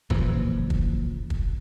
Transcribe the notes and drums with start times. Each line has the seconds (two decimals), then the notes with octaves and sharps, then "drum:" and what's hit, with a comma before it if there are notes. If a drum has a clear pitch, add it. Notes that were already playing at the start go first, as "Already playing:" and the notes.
0.10 F#1 A#2 E3 F3, drum: kick
0.70 drum: kick
1.30 drum: kick